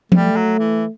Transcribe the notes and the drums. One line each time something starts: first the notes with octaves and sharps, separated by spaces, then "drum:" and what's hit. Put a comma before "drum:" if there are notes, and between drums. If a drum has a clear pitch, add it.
G3 A3, drum: tom F3
F#3
E3